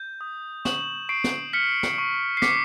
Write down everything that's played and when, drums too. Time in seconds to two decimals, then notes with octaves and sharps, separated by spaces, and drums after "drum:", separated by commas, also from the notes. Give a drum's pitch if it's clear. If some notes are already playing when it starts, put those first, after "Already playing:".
Already playing: G6
0.21 D#6
0.65 C#6 E7 F#7, drum: snare
1.09 C#6 C7 D7
1.24 drum: snare
1.53 F6 B6 C#7
1.83 drum: snare
1.98 C#6
2.37 C7
2.42 D6 B6 C#7, drum: snare